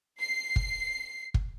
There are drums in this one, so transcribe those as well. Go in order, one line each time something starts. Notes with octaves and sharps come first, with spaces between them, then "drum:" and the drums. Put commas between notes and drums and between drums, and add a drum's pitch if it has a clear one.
C7
drum: kick
drum: kick